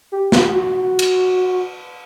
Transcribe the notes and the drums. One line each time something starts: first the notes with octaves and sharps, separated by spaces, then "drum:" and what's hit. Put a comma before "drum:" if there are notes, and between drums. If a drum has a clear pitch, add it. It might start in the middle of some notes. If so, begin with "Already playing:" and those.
G4
G4, drum: snare
F#4
drum: cymbal